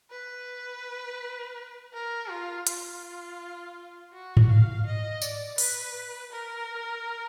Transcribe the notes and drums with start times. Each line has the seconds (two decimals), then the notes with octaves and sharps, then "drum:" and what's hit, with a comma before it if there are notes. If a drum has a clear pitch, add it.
0.11 B4
1.94 A#4
2.30 F4
2.67 F4, drum: hi-hat
4.13 F#4
4.37 drum: tom G#2
4.49 F5
4.86 D#5
5.22 D5, drum: tambourine
5.58 B4, drum: open hi-hat
6.32 A#4